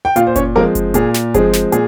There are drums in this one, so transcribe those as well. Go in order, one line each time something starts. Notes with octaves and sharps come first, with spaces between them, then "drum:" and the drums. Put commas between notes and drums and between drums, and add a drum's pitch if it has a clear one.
G5
A#2 F4 F5, drum: hi-hat
C5
C#4 C#5, drum: kick F#1, hi-hat
F3 G#3 A#3 C4 A#4
drum: kick F#1, hi-hat
A#2 G#4, drum: hi-hat
drum: snare
F3 G#3 C4 G#4, drum: kick F#1, hi-hat
drum: snare
A#2 G#4, drum: hi-hat